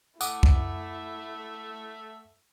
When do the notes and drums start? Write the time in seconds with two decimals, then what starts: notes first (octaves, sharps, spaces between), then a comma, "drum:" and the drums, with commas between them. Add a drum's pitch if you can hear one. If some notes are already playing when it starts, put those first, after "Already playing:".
0.21 A3 E4 E5 F#5 D6 D#6, drum: tambourine
0.43 drum: kick